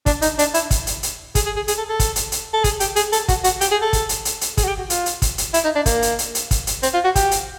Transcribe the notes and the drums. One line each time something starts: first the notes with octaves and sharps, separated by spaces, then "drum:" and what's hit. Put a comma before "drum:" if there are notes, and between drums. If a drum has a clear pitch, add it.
D4, drum: kick, hi-hat
D#4, drum: hi-hat
D4, drum: hi-hat
E4, drum: hi-hat
drum: kick, hi-hat
drum: hi-hat
drum: hi-hat
G#4, drum: kick, hi-hat
G#4
G#4
G#4, drum: hi-hat
A4
A4
drum: kick, hi-hat
drum: hi-hat
drum: hi-hat
A4
G#4, drum: kick, hi-hat
G4, drum: hi-hat
G#4, drum: hi-hat
A4, drum: hi-hat
F#4, drum: kick, hi-hat
F#4, drum: hi-hat
G4, drum: hi-hat
G#4
A4
drum: kick, hi-hat
drum: hi-hat
drum: hi-hat
drum: hi-hat
G#4, drum: kick, hi-hat
F#4
G4
F#4
F4, drum: hi-hat
drum: hi-hat
drum: kick, hi-hat
drum: hi-hat
E4, drum: hi-hat
D#4
D4
A#3, drum: kick, hi-hat
drum: hi-hat
drum: hi-hat
drum: hi-hat
drum: kick, hi-hat
drum: hi-hat
C4, drum: hi-hat
F4
F#4
G4, drum: kick, hi-hat
drum: hi-hat